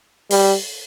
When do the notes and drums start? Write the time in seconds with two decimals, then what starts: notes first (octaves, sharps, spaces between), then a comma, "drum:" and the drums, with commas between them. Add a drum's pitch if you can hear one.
0.30 G3, drum: open hi-hat